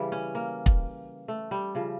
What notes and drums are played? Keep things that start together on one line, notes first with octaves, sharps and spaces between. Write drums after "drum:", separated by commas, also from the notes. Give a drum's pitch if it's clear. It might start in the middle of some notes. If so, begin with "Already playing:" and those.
Already playing: C#3 E3 G3
C#4
A#3
drum: kick
A3
G3
C#3 F3